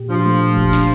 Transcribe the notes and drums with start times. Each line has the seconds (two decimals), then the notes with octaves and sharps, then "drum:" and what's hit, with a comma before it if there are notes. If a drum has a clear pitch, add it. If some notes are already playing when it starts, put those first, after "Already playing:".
Already playing: A#2 G4
0.10 F3 D4
0.26 A3
0.41 A#2
0.57 G4, drum: kick F1
0.73 D4, drum: snare